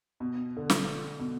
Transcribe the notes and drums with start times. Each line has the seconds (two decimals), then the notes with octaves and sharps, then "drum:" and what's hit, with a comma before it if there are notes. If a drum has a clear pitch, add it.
0.20 B2
0.57 D3
0.70 drum: snare
1.19 B2